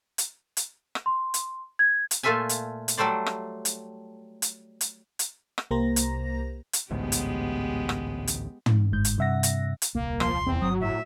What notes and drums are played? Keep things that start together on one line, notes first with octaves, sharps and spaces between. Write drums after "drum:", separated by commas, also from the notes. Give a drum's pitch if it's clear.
drum: hi-hat
drum: hi-hat
drum: rim click
C6
drum: hi-hat
G#6
drum: hi-hat
A#2 A3 F4 A4 E5 G#5
drum: hi-hat
drum: hi-hat
F#3 G3 A3 C5 D5
drum: rim click
drum: hi-hat
drum: hi-hat
drum: hi-hat
drum: hi-hat
drum: rim click
C2 A#3 G4 C5 A#5 A#6
drum: hi-hat
drum: hi-hat
A1 D2 G#2 G#3 B3 G4
drum: hi-hat
drum: rim click
drum: hi-hat
drum: tom
G1 G#2 G6
drum: hi-hat
G2 C3 E5 F#5 A#6
drum: hi-hat
drum: hi-hat
D#1 C2 A#3
F3 C6, drum: rim click
E2 C4
G1 F#3 D#6
A2 E5